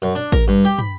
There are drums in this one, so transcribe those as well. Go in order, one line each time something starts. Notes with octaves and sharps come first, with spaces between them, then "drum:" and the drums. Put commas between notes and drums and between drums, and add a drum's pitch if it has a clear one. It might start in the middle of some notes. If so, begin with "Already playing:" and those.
F#2
D4
A#4, drum: kick A1
G2
G4
B5, drum: tom